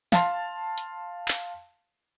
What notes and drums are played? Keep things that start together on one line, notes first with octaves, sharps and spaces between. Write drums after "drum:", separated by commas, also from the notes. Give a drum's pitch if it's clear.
F5 A5 C6, drum: snare
drum: hi-hat
drum: clap